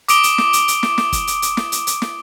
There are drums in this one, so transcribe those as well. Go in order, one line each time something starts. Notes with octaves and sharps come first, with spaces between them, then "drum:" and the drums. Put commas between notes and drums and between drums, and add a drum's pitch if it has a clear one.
D6 D#6 D7 G7, drum: hi-hat
drum: hi-hat
drum: snare
drum: hi-hat
drum: hi-hat
drum: snare
drum: snare
drum: kick, hi-hat
drum: hi-hat
drum: hi-hat
drum: snare
drum: hi-hat
drum: hi-hat
drum: snare